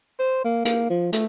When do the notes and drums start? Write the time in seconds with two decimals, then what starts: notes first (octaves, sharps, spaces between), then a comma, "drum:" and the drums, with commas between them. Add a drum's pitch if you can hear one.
0.19 C5
0.45 A#3
0.65 A#3, drum: hi-hat
0.90 F3
1.13 A3, drum: hi-hat